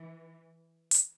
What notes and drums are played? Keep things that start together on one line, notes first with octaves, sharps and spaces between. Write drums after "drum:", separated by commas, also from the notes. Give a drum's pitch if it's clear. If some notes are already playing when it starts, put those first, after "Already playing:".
Already playing: E3
drum: hi-hat